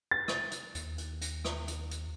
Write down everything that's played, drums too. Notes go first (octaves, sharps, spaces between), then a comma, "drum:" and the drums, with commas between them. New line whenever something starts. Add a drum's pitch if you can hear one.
A6
drum: rim click
drum: hi-hat
D#2, drum: hi-hat
drum: hi-hat
drum: hi-hat
drum: rim click
drum: hi-hat
drum: hi-hat